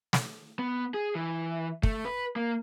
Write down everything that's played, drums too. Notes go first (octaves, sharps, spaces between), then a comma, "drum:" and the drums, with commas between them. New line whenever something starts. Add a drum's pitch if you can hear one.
drum: snare
B3
G#4
E3
A3, drum: kick
B4
A#3